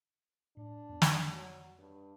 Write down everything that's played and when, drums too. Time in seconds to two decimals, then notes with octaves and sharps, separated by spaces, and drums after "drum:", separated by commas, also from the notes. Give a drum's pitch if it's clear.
0.57 A2 D4
0.89 F2 B3
1.02 drum: snare
1.32 F#3
1.79 G2